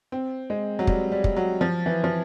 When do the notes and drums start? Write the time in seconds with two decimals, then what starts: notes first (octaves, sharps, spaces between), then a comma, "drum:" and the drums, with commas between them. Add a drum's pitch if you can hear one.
0.12 C4
0.50 G#3
0.79 F#3
0.87 G3, drum: kick
1.12 G3
1.24 drum: kick
1.36 F#3
1.61 F3
1.86 E3
2.04 F3